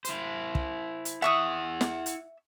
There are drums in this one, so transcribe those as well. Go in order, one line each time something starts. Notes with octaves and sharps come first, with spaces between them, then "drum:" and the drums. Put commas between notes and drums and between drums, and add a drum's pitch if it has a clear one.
E4 C5, drum: hi-hat
drum: kick
drum: hi-hat
E4 E5 F#5 C#6 D#6
drum: snare
drum: hi-hat